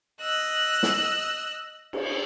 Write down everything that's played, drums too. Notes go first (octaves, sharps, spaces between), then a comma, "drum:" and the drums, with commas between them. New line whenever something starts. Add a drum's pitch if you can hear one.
D#5 E6 F#6
drum: snare
drum: cymbal